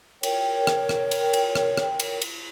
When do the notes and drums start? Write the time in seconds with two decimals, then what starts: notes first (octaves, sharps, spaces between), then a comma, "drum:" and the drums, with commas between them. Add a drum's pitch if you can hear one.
0.23 A#4 C#5 G5, drum: cymbal
0.67 drum: rim click
0.89 drum: rim click
1.11 drum: cymbal
1.33 drum: cymbal
1.55 drum: rim click
1.77 drum: rim click
2.00 drum: cymbal
2.22 drum: cymbal